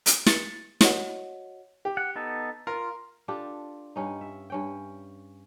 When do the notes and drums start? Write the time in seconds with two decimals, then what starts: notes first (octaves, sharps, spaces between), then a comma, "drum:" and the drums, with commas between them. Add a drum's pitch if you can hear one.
0.06 drum: hi-hat
0.26 A6 C#7, drum: snare
0.81 F#4 C#5 D#5 F#5, drum: snare
1.85 G4
1.97 F#5
2.16 B3 D#4 A4
2.67 F4 A#4
3.28 D4 F4 G4 A4
3.96 G2 C#4 D#4
4.21 E5
4.50 G2 C#4 G5